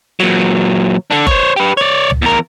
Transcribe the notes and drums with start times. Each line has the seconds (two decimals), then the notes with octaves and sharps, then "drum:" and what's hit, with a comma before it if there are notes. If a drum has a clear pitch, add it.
0.20 A#2 F#3
1.11 D3 D4
1.27 C5 C#5, drum: kick F#1
1.56 G4 B4
1.77 C#5 D5
2.10 drum: tom C#2
2.22 E2 A#4